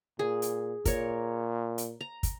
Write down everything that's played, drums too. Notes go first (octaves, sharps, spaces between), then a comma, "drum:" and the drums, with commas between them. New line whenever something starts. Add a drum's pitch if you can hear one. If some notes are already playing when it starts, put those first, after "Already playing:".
A#2 G#4
drum: hi-hat
A#2 A#4 C#5, drum: kick, hi-hat
drum: hi-hat
A#5
drum: kick, hi-hat